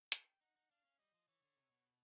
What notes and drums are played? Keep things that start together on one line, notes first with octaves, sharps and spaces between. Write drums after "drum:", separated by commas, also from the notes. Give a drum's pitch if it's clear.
G5, drum: hi-hat
D#4 F#5
D#4
D4 F5
C#4
G3 D#5
F3
E3 C#5
D3
C3
B2